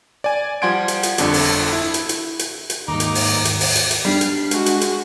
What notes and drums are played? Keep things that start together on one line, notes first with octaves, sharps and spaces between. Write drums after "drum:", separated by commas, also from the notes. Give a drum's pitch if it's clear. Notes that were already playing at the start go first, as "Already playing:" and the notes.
D5 G#5
F3 G3 F#5 C6 G#6 D7
drum: hi-hat
drum: hi-hat
G1 F2 D3 D4 A4, drum: hi-hat
drum: open hi-hat
E4
drum: hi-hat
drum: hi-hat
drum: hi-hat
drum: hi-hat
D#2 G#2 D#4 A#5 D6
drum: hi-hat
drum: open hi-hat
drum: hi-hat
drum: open hi-hat
drum: hi-hat
drum: hi-hat
G3 D4 F6 C7
drum: hi-hat
G#3 F#4, drum: hi-hat
drum: hi-hat
drum: hi-hat